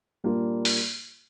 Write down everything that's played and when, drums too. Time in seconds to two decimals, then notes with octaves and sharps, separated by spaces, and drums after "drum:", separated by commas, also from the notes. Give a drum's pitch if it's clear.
0.24 A#2 G3 A#3 D4 F4
0.65 drum: open hi-hat